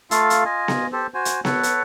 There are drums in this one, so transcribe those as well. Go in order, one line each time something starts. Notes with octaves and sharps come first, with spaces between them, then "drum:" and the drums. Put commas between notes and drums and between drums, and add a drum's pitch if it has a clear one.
A3 F4 A4 F5, drum: hi-hat
drum: hi-hat
F4 D#5 G#5
drum: snare B3
G4 A4 C5
F#4 C5 G#5
drum: hi-hat
A4 B4 C#5 F#5, drum: snare B3
drum: hi-hat